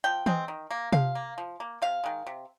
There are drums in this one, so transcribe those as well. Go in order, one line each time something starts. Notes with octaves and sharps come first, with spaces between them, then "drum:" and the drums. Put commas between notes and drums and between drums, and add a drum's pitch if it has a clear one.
F3 G5
G#3 C4, drum: tom E3
D#3
A#3
F3 F5, drum: tom C3
A#3
F3
A#3
C3 F5
D#3 G#3
C3